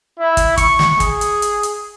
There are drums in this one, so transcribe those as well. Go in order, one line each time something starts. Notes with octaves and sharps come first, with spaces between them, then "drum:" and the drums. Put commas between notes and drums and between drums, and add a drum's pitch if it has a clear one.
E4
drum: kick, hi-hat
C#6, drum: kick, hi-hat
drum: snare
G#4, drum: kick, hi-hat
drum: hi-hat
drum: hi-hat
drum: hi-hat